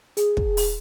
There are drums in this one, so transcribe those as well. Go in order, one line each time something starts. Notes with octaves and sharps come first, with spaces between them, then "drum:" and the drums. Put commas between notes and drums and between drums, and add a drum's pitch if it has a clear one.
G#4, drum: hi-hat
drum: kick
drum: open hi-hat